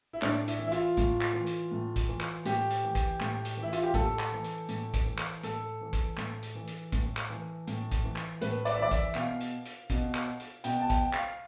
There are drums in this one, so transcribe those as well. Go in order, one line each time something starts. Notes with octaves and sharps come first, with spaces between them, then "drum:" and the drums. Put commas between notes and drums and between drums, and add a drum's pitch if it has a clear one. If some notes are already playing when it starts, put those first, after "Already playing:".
E4
A2 D4, drum: clap
E4, drum: hi-hat
E3
E4
F4, drum: hi-hat
A2, drum: kick, hi-hat
drum: clap
E3
drum: hi-hat
A2
drum: kick, hi-hat
E3
drum: clap
A2 G4, drum: hi-hat
drum: hi-hat
E3
drum: kick, hi-hat
A2, drum: clap
drum: hi-hat
E3
E4
F4, drum: hi-hat
G4
A2 A4, drum: kick, hi-hat
drum: clap
E3
drum: hi-hat
A2, drum: hi-hat
drum: kick, hi-hat
E3
drum: clap
A2 A4, drum: hi-hat
E3
drum: kick, hi-hat
A2, drum: clap
drum: hi-hat
E3
drum: hi-hat
A2, drum: kick, hi-hat
drum: clap
E3
A2, drum: hi-hat
drum: kick, hi-hat
E3
drum: clap
A2 B4, drum: hi-hat
D5, drum: hi-hat
E5
E3 D5
E5, drum: kick, hi-hat
B2 F5, drum: clap
drum: hi-hat
drum: hi-hat
B2, drum: kick, hi-hat
drum: clap
drum: hi-hat
B2 G5, drum: hi-hat
A5
G5, drum: kick, hi-hat
F5, drum: clap